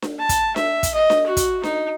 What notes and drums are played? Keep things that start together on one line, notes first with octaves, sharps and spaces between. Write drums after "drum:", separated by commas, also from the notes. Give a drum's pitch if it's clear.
drum: snare D4
A5
drum: kick, hi-hat
E5, drum: snare D4
drum: kick, hi-hat
D#5
drum: snare D4
F#4
drum: kick, hi-hat
D#4, drum: snare D4